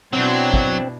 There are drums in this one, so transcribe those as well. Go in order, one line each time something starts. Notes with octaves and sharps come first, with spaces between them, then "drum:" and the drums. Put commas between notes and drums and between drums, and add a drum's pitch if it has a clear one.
B2 F#3 C4 D4 E4
drum: kick